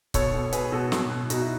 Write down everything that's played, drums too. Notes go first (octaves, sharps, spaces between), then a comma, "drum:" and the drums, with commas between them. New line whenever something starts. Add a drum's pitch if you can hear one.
B2 A4 C#5, drum: kick C#1, hi-hat
B2
B2 G#4 B4, drum: hi-hat
B2 F#4 A4
B2, drum: snare
B2
B2 D#4 F#4, drum: hi-hat
E4